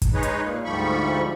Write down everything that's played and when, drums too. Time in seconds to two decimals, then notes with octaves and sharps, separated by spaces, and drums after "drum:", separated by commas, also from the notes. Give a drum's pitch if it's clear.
0.02 drum: kick, hi-hat
0.14 G#3 D#4 G#4 B4 C#5 D#5
0.23 drum: hi-hat
0.44 A#2 A#3
0.64 D2 G#2 F3 G3 B5 C#6